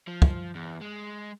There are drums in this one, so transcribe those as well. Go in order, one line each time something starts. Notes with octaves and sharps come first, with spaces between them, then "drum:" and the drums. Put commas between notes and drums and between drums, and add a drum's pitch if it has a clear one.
F3
drum: kick
E2
G#3